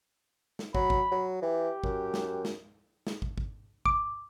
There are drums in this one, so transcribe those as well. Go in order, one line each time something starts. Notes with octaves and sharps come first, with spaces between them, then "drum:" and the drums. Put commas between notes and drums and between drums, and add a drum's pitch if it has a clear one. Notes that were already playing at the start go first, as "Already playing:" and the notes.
drum: snare
F#3 B5, drum: kick
drum: kick
F#3
E3 G4
F#2, drum: kick
drum: snare
drum: snare
drum: snare
drum: kick
drum: kick
D6, drum: kick